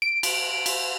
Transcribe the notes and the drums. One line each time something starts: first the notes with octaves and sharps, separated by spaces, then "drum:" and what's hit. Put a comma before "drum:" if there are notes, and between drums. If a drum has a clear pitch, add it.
D7
drum: cymbal
drum: cymbal